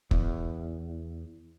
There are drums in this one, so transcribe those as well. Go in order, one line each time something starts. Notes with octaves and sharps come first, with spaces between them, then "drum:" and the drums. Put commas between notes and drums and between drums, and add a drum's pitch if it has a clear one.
E2, drum: kick